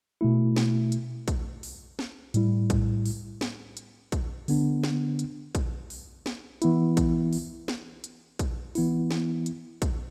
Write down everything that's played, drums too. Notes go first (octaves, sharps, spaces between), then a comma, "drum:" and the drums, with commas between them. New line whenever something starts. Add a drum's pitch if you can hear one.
B2 A3 E4
drum: snare
drum: hi-hat
drum: kick, hi-hat
drum: open hi-hat
drum: snare
A2 G3 E4, drum: hi-hat
drum: kick, hi-hat
drum: open hi-hat
drum: snare
drum: hi-hat
drum: kick, hi-hat
D3 B3 D4, drum: open hi-hat
drum: snare
drum: hi-hat
drum: kick, hi-hat
drum: open hi-hat
drum: snare
E3 B3 E4, drum: hi-hat
drum: kick, hi-hat
drum: open hi-hat
drum: snare
drum: hi-hat
drum: kick, hi-hat
E3 B3 E4, drum: open hi-hat
drum: snare
drum: hi-hat
drum: kick, hi-hat